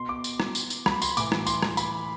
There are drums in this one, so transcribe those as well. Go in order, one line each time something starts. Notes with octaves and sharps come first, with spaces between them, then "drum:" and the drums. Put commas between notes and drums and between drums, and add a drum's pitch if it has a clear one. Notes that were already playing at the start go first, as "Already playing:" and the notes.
Already playing: B2 C6
D6
drum: tambourine
drum: rim click
drum: tambourine
drum: tambourine
B5, drum: rim click
C6, drum: tambourine
A2 E3 D6, drum: tambourine
drum: rim click
C6, drum: tambourine
drum: rim click
B5, drum: tambourine